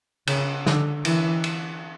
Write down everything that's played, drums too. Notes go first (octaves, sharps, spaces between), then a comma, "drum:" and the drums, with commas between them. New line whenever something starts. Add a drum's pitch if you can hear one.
C#3, drum: cymbal
D3, drum: snare
E3, drum: cymbal
drum: cymbal